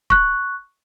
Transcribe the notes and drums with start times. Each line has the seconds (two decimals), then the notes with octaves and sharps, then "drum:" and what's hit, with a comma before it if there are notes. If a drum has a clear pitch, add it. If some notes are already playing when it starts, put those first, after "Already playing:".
0.10 C#6 F#6, drum: kick C#1